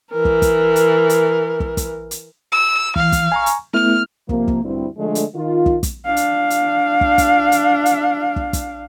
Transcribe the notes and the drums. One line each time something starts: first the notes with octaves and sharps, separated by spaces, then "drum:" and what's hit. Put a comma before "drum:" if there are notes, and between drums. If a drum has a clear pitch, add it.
E3 A#4
drum: kick
drum: kick, hi-hat
drum: hi-hat
drum: hi-hat
drum: kick
drum: kick, hi-hat
drum: hi-hat
E6
E3 F5, drum: kick
drum: kick, hi-hat
G#5 A#5 C#6
drum: hi-hat
A3 B3 E4 F6
C3 F3 A#3, drum: kick
drum: kick
D2 G2 G3 C4 E4
D3 F3 G#3 A3 D4
drum: hi-hat
D#3 F4
drum: kick
drum: kick, hi-hat
D4 F5
drum: hi-hat
drum: hi-hat
drum: kick
drum: kick, hi-hat
drum: hi-hat
drum: hi-hat
drum: kick
drum: kick, hi-hat